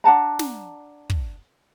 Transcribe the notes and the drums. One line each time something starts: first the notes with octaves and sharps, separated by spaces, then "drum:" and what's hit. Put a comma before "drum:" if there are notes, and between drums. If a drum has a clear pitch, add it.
D4 F#5 A5 A#5
drum: snare
drum: kick